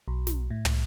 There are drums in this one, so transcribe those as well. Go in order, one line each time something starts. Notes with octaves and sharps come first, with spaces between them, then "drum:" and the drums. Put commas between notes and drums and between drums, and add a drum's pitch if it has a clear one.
B1
drum: snare
A2
drum: tom